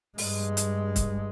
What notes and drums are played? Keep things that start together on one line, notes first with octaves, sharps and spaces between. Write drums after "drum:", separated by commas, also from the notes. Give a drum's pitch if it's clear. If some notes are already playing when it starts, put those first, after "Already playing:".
G2 G#3, drum: open hi-hat
drum: hi-hat
drum: kick C#1, hi-hat